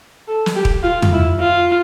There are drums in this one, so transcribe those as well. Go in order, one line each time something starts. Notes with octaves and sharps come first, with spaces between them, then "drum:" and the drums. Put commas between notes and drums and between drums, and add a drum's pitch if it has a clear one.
A4
drum: snare
G4
drum: kick
F4
drum: tom
E4
F4